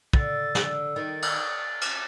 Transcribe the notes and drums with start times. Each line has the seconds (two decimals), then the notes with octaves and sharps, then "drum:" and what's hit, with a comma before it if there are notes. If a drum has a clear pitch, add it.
0.13 D3 A6, drum: kick
0.55 D3, drum: snare
0.96 D#3 A6
1.22 drum: cymbal
1.81 drum: cymbal